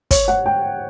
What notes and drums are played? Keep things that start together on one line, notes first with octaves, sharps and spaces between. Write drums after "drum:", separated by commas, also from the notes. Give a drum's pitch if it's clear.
C#5, drum: kick, hi-hat
F#5
G5